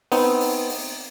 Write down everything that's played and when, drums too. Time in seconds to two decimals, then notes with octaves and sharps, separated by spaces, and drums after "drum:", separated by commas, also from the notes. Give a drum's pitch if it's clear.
0.12 B3 C4 D#4, drum: open hi-hat
0.41 drum: open hi-hat
0.70 drum: open hi-hat